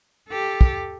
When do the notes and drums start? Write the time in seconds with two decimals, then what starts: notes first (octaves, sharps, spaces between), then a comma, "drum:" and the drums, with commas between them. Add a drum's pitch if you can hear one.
0.29 G4 A4
0.61 drum: kick